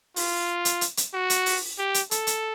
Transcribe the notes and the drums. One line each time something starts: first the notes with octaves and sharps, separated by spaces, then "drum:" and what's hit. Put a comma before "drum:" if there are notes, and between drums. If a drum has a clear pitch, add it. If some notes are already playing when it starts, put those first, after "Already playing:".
F4, drum: open hi-hat
drum: hi-hat
drum: hi-hat
drum: hi-hat
F#4
drum: hi-hat
drum: open hi-hat
G4
drum: hi-hat
A4, drum: hi-hat
drum: hi-hat